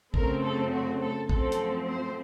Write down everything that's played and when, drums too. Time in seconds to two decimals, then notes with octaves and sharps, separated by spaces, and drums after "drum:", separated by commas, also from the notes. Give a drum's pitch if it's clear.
0.14 F#2 C#3 A3 C4 A#4, drum: kick
0.43 A4
0.72 F#4
1.00 A4
1.29 F#2 F3 A3 C4 A4, drum: kick
1.52 drum: hi-hat
1.87 C5